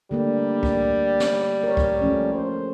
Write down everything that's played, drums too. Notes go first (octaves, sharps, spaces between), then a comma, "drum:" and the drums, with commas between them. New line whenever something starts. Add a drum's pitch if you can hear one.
D3 G3 A3 A#3
drum: kick C2
drum: snare
A#4 C#5
drum: kick C2
F3 A3 C#4
C5